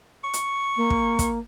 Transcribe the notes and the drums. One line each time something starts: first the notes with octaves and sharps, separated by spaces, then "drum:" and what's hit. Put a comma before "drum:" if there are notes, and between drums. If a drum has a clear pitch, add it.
C#6
drum: hi-hat
A#3
drum: kick
drum: kick, hi-hat